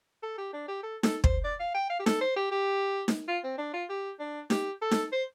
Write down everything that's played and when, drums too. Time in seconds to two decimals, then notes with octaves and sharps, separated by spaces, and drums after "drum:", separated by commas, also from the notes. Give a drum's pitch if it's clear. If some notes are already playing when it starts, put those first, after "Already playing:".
0.23 A4
0.38 G4
0.53 D4
0.68 G4
0.83 A4
1.03 A4, drum: snare D#4
1.24 C5, drum: kick
1.44 D5
1.60 F5
1.75 G5
1.90 F5
2.00 G4
2.06 A4, drum: snare D#4
2.21 C5
2.36 G4
2.52 G4
3.08 drum: snare D#4
3.28 F4
3.44 C4
3.58 D4
3.74 F4
3.90 G4
4.20 D4
4.50 G4, drum: snare D#4
4.82 A4
4.91 drum: snare D#4
5.12 C5